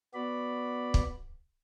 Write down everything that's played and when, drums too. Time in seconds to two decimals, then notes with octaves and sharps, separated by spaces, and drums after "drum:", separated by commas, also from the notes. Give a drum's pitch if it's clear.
0.14 B3 F#4 D5 B5
0.94 drum: kick